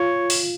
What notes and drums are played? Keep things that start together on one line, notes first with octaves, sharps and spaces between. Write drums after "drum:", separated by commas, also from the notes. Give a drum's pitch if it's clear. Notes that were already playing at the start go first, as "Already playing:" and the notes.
Already playing: F4 C#5
drum: open hi-hat